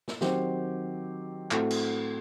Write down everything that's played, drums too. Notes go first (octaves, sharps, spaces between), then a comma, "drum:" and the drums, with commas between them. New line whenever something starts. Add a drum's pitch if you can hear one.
drum: snare
D#3 F#3 C4 G4 C5, drum: snare
A2 A3 C4 F#4, drum: clap
drum: cymbal